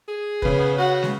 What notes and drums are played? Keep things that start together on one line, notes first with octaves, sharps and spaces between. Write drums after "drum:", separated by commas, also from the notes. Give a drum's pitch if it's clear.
G#4
C#3 B4, drum: kick
B3
F#4 F#5
drum: snare